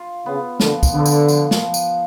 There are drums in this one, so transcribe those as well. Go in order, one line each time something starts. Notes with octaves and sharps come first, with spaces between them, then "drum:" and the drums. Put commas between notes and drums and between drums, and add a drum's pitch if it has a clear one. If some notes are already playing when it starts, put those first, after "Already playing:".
Already playing: F4
C#3 B3
D3 F3, drum: snare
drum: kick, tambourine
D3 B3
drum: tambourine
F3, drum: tambourine
drum: snare
F3
drum: tambourine